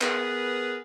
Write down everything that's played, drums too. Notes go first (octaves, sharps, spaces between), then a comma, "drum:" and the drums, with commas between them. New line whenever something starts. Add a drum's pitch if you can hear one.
B3 G#4 A#4 B4, drum: clap